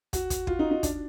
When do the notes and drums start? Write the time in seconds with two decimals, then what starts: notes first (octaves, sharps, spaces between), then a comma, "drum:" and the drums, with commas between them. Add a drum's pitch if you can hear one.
0.13 F#4, drum: kick, hi-hat
0.30 drum: kick, hi-hat
0.47 F4, drum: kick
0.59 D#4
0.71 D#4
0.83 D4, drum: kick, hi-hat